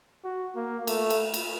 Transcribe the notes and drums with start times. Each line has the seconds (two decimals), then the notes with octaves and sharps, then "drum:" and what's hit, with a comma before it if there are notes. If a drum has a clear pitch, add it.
0.24 F#4
0.56 A#3
0.87 A3, drum: cymbal
1.10 drum: cymbal
1.34 drum: cymbal